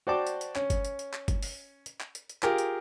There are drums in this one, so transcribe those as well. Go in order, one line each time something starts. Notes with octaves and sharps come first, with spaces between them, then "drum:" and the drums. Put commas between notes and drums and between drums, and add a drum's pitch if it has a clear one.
F#4 C5 D5 G5 A5 D6
drum: hi-hat
drum: hi-hat
C#4, drum: clap
drum: kick G1, hi-hat
drum: hi-hat
drum: hi-hat
drum: clap
drum: kick G1, hi-hat
drum: open hi-hat
drum: hi-hat
drum: clap
drum: hi-hat
drum: hi-hat
F4 G4 G#4 A#4, drum: clap
drum: hi-hat